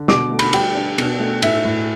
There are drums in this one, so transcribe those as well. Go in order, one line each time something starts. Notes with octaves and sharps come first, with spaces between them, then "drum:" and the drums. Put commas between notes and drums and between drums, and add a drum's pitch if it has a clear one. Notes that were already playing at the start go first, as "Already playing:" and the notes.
Already playing: D3
B2 D6, drum: snare
A3
B5, drum: cymbal
G3 G5, drum: cymbal
D4
B2, drum: cymbal
A3
A2 E5, drum: cymbal
A2